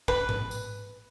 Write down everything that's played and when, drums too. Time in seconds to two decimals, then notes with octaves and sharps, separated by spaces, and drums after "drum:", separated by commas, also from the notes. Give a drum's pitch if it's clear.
0.08 B4, drum: kick
0.29 drum: tom G#2
0.51 drum: tambourine